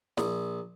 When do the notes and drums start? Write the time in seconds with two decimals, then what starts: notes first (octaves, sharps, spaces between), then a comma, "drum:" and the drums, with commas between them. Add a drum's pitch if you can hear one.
0.18 A#1, drum: snare